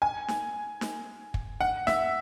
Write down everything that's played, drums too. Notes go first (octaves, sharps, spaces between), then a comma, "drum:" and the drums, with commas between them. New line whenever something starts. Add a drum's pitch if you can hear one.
G#5
drum: snare
drum: snare
drum: kick
F#5
E5, drum: snare